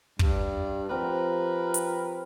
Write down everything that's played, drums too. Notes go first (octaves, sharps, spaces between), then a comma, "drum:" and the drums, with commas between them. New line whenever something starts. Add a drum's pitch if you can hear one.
G2, drum: kick
F3 C4 G4 A#4 B4
drum: hi-hat